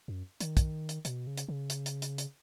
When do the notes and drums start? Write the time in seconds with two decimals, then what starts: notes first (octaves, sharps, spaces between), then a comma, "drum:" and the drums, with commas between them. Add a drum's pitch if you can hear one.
0.08 F#2
0.40 D#3, drum: hi-hat
0.57 drum: kick, hi-hat
0.89 drum: hi-hat
1.05 B2, drum: hi-hat
1.27 C#3
1.37 drum: hi-hat
1.48 C#3
1.70 drum: hi-hat
1.86 drum: hi-hat
2.02 drum: hi-hat
2.18 drum: hi-hat